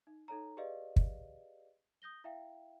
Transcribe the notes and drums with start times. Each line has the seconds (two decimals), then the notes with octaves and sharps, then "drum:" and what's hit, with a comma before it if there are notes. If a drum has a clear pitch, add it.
0.07 D#4
0.28 D#4 A4 C#5 A#5
0.57 G4 G#4 B4 D5 D#5 F5
0.96 drum: kick
2.02 D#6 G6 A#6 G7
2.24 E4 E5 F5 G5